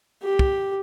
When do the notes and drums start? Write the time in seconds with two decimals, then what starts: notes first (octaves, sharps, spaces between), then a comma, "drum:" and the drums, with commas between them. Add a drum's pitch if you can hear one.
0.23 G4
0.39 drum: kick